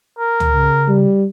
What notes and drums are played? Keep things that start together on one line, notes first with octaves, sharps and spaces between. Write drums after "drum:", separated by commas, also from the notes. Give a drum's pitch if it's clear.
A#4
drum: tom C#2
C#3
G3